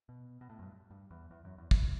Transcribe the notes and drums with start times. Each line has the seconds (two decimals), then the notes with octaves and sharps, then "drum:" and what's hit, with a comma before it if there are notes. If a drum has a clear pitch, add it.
0.09 B2
0.41 B2
0.50 A2
0.59 F#2
0.63 G2
0.91 G2
1.11 E2
1.31 E2
1.45 F#2
1.58 E2
1.71 E2, drum: kick